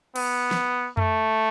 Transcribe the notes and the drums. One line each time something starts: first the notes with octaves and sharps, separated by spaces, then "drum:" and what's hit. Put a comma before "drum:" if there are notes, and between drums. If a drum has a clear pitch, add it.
B3, drum: cymbal
drum: snare
A3, drum: tom F2